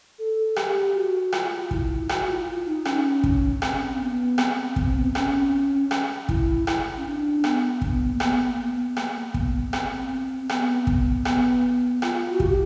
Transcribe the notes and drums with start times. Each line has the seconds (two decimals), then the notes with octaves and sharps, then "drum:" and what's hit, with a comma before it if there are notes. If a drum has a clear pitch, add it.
0.19 A4
0.56 G4, drum: rim click
0.95 F#4
1.32 F4, drum: rim click
1.71 E4, drum: kick
2.09 F#4, drum: rim click
2.28 F4
2.66 D#4
2.85 C#4, drum: rim click
3.24 drum: kick
3.62 C4, drum: rim click
4.00 B3
4.38 C4, drum: rim click
4.76 drum: kick
4.97 B3
5.06 C4
5.15 C#4, drum: rim click
5.91 drum: rim click
6.29 E4, drum: kick
6.67 drum: rim click
6.97 C#4
7.06 D4
7.44 B3, drum: rim click
7.82 B3, drum: kick
8.12 A#3
8.20 B3, drum: rim click
8.51 A#3
8.58 B3
8.97 A#3, drum: rim click
9.34 B3, drum: kick
9.73 C4, drum: rim click
10.49 B3, drum: rim click
10.87 drum: kick
11.25 B3, drum: rim click
12.02 F4, drum: rim click
12.31 F#4
12.40 G4, drum: kick